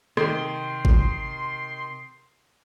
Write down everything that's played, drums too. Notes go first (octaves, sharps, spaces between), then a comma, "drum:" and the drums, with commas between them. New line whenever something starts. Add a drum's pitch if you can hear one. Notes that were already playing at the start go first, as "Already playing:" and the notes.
C3 D#3 C6, drum: rim click
drum: kick G#1